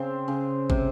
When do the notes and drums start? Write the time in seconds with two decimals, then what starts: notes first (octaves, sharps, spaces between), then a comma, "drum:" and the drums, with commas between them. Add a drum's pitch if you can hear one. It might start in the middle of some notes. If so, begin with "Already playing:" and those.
Already playing: C#3 C4
0.28 C#3
0.70 C3, drum: kick